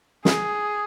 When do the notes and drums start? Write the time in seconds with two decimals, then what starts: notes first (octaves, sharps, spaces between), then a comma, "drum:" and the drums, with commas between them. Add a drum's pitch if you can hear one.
0.25 G#4, drum: snare